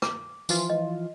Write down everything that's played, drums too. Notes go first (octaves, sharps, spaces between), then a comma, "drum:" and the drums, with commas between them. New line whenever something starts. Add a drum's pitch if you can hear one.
D6, drum: rim click
E3 F3 F4, drum: tambourine
D#5